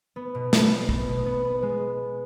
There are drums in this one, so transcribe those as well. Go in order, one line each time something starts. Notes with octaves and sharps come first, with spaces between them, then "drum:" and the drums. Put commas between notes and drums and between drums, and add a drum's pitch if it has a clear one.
B3
B2
B3, drum: snare
B3
B3, drum: kick
B2
B3
B3
G#3